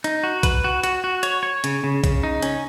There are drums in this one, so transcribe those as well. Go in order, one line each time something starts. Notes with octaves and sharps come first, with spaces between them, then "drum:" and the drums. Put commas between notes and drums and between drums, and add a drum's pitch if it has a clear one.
D#4, drum: hi-hat
F#4
B4, drum: kick A#1, hi-hat
F#4
F#4, drum: hi-hat
F#4
C#5, drum: hi-hat
C#5
C#3, drum: hi-hat
C#3
C#3, drum: kick A#1, hi-hat
D#4
C#4, drum: hi-hat